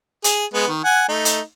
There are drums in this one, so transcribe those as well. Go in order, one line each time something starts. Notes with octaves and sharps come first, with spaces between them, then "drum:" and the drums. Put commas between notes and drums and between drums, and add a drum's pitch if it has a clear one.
G#4, drum: hi-hat
G#3 B3
D#3
F#5 G#5
A3 D#4
drum: hi-hat